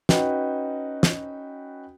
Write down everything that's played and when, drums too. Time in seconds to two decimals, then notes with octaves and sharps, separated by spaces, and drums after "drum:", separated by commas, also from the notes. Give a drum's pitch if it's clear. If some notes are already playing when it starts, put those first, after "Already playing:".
0.09 C#4 D#4 F#4 B4 G5, drum: snare
1.03 drum: snare